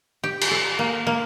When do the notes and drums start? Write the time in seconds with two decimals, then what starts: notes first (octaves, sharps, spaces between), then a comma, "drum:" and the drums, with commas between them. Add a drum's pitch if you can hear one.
0.24 G4
0.41 drum: cymbal
0.51 A4
0.79 A#3
1.07 A#3